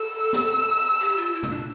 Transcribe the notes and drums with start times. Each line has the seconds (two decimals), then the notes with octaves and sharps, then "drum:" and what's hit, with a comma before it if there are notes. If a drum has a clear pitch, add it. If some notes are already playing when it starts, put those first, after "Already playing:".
Already playing: A4 E6
0.33 drum: snare
1.01 G4
1.17 F4
1.34 E4
1.43 C#4, drum: tom
1.49 D4